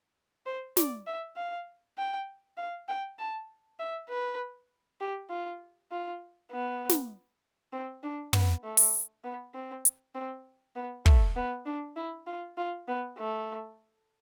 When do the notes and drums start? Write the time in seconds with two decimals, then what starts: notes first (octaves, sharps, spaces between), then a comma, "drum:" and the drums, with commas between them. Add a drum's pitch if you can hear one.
0.46 C5
0.77 D5, drum: snare
1.07 E5
1.37 F5
1.98 G5
2.57 F5
2.88 G5
3.19 A5
3.79 E5
4.09 B4
5.01 G4
5.30 F4
5.91 F4
6.52 B3
6.89 drum: snare
7.73 C4
8.03 D4
8.33 B3, drum: tom
8.63 A3
8.77 drum: open hi-hat
9.24 B3
9.55 C4
9.85 drum: hi-hat
10.15 C4
10.76 B3
11.06 A3, drum: kick
11.36 B3
11.66 D4
11.96 E4
12.27 F4
12.57 F4
12.88 B3
13.18 A3